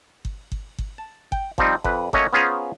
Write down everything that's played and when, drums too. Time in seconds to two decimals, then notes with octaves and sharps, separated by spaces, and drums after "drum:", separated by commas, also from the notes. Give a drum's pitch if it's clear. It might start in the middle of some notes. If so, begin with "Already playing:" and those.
0.25 drum: kick G1
0.52 drum: kick G1
0.79 drum: kick G1
0.98 A5
1.32 G5, drum: kick G1
1.58 F3 G3 C4 D#4, drum: kick G1
1.84 F2 B4, drum: kick G1
2.13 A3 A#3 C#4 F#4 C#5 D#5, drum: kick G1
2.33 B3 C#4 F4 G#4 C5 A#5